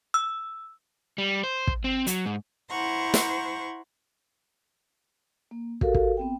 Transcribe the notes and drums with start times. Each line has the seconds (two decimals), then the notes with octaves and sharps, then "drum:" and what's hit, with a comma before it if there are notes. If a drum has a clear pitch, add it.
0.14 E6
1.18 G3
1.43 C5
1.67 drum: kick
1.84 C4
2.07 F#3, drum: hi-hat
2.26 G#2
2.69 E4 C5 F#5 A#5 C#6
3.14 drum: snare
5.51 A#3
5.81 F#4 G4 A4 A#4 F5, drum: kick
5.94 drum: kick
6.17 B3 C4 G5